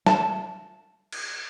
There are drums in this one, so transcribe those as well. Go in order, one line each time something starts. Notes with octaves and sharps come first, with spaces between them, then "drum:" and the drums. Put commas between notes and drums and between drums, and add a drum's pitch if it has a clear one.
A5, drum: snare
drum: cymbal